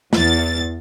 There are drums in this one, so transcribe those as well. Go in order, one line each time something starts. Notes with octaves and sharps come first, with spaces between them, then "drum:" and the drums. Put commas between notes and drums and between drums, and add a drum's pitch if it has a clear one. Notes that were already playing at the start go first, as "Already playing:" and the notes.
E2 A6, drum: snare